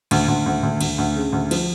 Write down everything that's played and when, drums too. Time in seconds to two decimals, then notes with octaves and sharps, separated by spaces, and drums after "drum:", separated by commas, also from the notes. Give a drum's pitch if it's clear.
0.11 D2, drum: cymbal
0.28 D2
0.46 D2
0.63 D2
0.81 D2, drum: cymbal
0.98 D2
1.16 C#3
1.33 D2
1.51 F3, drum: cymbal